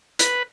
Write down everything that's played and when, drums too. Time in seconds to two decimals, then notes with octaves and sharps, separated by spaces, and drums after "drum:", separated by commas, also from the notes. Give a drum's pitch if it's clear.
0.19 B4, drum: hi-hat